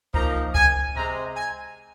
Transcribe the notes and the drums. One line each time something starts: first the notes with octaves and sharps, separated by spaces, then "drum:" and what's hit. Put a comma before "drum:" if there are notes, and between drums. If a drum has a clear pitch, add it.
F3 A#3 D#4 A#5, drum: kick C#2
G#5, drum: kick C#2
C3 G#3 C4 A#5
G#5